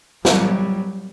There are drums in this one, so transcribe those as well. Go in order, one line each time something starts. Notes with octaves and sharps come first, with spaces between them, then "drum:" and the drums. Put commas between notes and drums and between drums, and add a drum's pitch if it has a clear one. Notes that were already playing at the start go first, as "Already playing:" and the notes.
F#3 G3, drum: snare